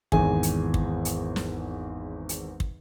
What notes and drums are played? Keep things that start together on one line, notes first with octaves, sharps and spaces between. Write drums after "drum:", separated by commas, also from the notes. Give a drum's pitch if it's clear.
G#1 E2 G#4 G#5, drum: kick
drum: hi-hat
drum: kick
drum: hi-hat
drum: snare
drum: hi-hat
drum: kick